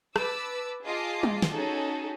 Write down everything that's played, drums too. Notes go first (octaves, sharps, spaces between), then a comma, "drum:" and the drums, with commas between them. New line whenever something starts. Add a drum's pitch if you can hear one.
B4 A5 D6 E6, drum: rim click
F4 G#4 D#5 A5 D6 C7
drum: tom
drum: snare
C#4 D#4 F#4 G#4 A4